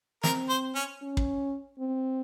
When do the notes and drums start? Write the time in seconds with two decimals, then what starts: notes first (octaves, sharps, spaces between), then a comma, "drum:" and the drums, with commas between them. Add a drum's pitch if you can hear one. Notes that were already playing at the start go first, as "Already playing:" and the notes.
0.23 C4 A#4, drum: snare
0.49 C5
0.75 C#4
1.02 C#4
1.17 drum: kick
1.79 C4